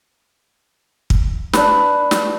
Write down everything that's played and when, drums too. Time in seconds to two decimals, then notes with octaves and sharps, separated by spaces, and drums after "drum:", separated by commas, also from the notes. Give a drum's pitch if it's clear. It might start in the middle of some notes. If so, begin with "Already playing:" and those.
1.10 drum: kick
1.53 D4 B4, drum: snare
2.11 drum: snare